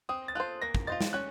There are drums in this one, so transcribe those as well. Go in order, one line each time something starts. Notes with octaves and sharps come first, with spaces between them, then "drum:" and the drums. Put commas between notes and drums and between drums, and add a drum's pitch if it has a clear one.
C4 D#6
A6
F4 A4 C5 F#6
A#3 A#6
drum: kick
F4 C5 D#5 A6
drum: snare
C#4 F#6